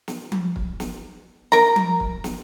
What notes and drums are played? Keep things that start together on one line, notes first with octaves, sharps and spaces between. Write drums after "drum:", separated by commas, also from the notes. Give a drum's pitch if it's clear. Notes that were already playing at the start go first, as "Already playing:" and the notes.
drum: snare
drum: tom F3
drum: kick
drum: snare
A#4 A#5, drum: snare
drum: tom F3
drum: kick
drum: snare